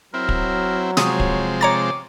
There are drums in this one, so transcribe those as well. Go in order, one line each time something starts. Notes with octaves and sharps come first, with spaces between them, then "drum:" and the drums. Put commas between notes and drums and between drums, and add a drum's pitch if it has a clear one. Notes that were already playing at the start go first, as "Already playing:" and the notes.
F#3 C4 E4 A#4
drum: kick
C3 F3 G#3 C#5 D#6, drum: snare
drum: kick
C#5 A#5 D6 A6